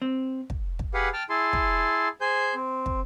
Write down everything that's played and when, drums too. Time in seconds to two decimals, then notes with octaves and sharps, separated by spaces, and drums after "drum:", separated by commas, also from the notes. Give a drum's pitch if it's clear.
0.02 C4
0.50 drum: kick
0.79 drum: kick
0.94 G4 G#4 B4 F5 F#5
1.13 G5 A5 F6
1.30 E4 G#4 A5 C6
1.53 drum: kick
2.21 G#4 C5 G#5 G6
2.55 C4
2.86 drum: kick